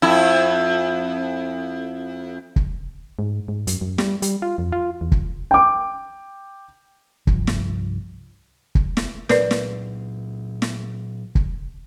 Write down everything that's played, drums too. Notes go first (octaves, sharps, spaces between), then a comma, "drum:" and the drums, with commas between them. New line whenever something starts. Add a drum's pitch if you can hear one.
F2 E4
drum: kick
G#2
G#2
F#2, drum: hi-hat
F#2
G3, drum: snare
G3, drum: hi-hat
F4
F2
F4
E2
drum: kick
G5 D6
C2 G2 F3, drum: kick
drum: snare
drum: kick
drum: snare
A#2 F#3 A#4 B4 D5, drum: snare
drum: snare
drum: snare
drum: kick